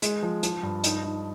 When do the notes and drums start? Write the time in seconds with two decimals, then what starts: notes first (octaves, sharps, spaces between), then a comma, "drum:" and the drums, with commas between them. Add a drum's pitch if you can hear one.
0.02 G#3, drum: hi-hat
0.23 F3
0.43 F3, drum: hi-hat
0.63 G2
0.84 D#4, drum: hi-hat
1.04 D#4